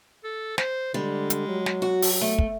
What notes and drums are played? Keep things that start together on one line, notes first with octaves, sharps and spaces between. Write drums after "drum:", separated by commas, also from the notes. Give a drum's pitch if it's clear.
A4
C5, drum: snare
D3 G3 G#3
drum: hi-hat
F#3
drum: snare
F#4
drum: open hi-hat
A3
drum: kick